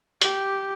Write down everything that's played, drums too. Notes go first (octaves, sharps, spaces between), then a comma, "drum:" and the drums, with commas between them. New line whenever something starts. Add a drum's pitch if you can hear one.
G4, drum: hi-hat